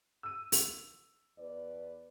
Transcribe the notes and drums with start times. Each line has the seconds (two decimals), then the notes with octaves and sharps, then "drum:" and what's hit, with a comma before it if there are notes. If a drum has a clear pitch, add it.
0.23 E6 D#7
0.52 drum: open hi-hat
1.38 E2 B4 D5